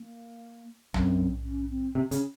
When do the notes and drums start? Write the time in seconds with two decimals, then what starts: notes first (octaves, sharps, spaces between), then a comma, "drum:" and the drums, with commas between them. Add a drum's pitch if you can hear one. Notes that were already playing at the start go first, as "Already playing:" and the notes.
Already playing: A#3
0.94 F#2 C4, drum: tom B1
1.44 C#4
1.70 C4
1.95 C3
2.11 C#3, drum: hi-hat